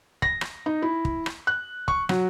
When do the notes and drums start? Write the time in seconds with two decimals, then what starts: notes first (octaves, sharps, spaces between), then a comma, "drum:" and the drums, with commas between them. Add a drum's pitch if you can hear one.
0.22 A#6, drum: kick
0.41 drum: rim click
0.66 D#4
0.82 E4
1.05 drum: kick
1.26 drum: rim click
1.47 F#6
1.88 C#6, drum: kick
2.09 F#3, drum: rim click